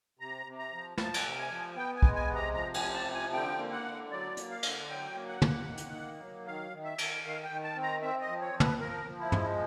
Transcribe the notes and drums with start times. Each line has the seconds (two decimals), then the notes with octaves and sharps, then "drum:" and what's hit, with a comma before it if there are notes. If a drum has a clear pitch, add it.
0.19 C3 A#5
0.46 C3
0.59 A#5
0.72 F3
0.98 F3 A5, drum: snare
1.14 drum: cymbal
1.24 C3
1.37 G#5
1.50 F3
1.76 B3 G5
1.96 G#5
2.02 G#3, drum: kick B1
2.15 G#5
2.29 C3
2.36 A#5
2.54 F3 A#5
2.74 G#5, drum: cymbal
2.80 C3
2.94 A5
3.06 F3
3.14 G#5
3.33 D3 G5
3.58 A#3
3.72 F#5
3.85 D3
4.11 F#3 D5
4.37 A#3, drum: hi-hat
4.50 F5
4.63 D3, drum: cymbal
4.89 F#3 G5
5.15 A#3
5.28 F#5
5.42 A#3, drum: tom
5.67 D#3
5.77 drum: hi-hat
5.93 A#3
6.20 F#3
6.46 D#3 F5
6.71 D#3
6.84 E5
6.98 D#3, drum: cymbal
7.24 D#3 F5
7.44 G5
7.50 D#3
7.63 A5
7.76 C4
7.82 A#5
8.02 C4 E5
8.21 D#5
8.28 F3
8.41 C#5
8.54 F3
8.60 B4, drum: tom
8.80 F3 A#4
9.06 F3
9.19 E4
9.32 G#3, drum: tom